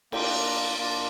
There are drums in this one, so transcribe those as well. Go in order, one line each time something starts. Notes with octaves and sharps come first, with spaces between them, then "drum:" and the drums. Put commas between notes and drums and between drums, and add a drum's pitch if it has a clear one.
A#3 D4 F4 G5, drum: cymbal
A#5
A#3 D4 F4 A5